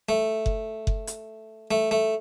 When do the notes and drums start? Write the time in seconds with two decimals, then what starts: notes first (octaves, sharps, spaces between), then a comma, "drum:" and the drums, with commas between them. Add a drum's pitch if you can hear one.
0.09 A3
0.46 drum: kick F#1
0.87 drum: kick F#1
1.07 drum: hi-hat
1.71 A3
1.91 A3